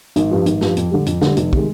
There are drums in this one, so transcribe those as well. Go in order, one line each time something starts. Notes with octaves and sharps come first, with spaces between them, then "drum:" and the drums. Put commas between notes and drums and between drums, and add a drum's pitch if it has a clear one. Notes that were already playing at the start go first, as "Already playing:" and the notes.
G#1, drum: hi-hat
G2 F3
G#1, drum: hi-hat
G2 F3, drum: snare
F2, drum: hi-hat
D3 G3
F2, drum: hi-hat
D3 G3, drum: snare
F1, drum: hi-hat
C3 D#3 G#3, drum: kick